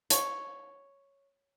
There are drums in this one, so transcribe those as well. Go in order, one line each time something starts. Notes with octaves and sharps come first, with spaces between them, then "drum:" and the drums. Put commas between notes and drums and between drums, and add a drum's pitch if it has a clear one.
C#5, drum: hi-hat